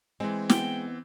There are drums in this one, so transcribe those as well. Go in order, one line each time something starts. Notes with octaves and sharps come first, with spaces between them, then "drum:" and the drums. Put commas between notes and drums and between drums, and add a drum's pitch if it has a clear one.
E3 G#3 C4
B3 G5, drum: snare